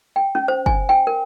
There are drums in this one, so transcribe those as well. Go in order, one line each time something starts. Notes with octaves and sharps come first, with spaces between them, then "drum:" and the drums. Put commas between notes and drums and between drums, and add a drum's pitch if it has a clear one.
G5
C#4
C5
G#5, drum: kick
G5
A#4